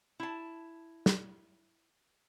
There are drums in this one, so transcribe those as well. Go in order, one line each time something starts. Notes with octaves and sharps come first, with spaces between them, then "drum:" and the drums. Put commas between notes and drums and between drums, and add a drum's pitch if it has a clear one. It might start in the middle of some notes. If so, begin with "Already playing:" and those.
E4 A5
drum: snare